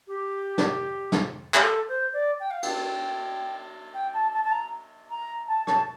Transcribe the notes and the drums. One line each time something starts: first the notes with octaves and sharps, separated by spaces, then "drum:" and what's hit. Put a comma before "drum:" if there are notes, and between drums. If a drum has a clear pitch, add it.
G4
drum: snare
drum: snare
G4, drum: clap
A4
C5
D5
G5
F5
G5, drum: cymbal
G5
A5
A5
A5
A#5
A#5
A5
A5, drum: rim click